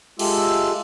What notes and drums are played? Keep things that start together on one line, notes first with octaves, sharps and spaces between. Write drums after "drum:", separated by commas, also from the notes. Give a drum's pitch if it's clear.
G#3 F4 G4 A4 E5, drum: cymbal